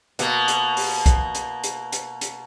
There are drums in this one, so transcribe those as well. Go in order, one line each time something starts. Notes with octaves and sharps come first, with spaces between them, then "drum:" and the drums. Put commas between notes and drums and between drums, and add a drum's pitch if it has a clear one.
B2 A#3, drum: hi-hat
drum: hi-hat
drum: open hi-hat
drum: kick, hi-hat
drum: hi-hat
drum: hi-hat
drum: hi-hat
drum: hi-hat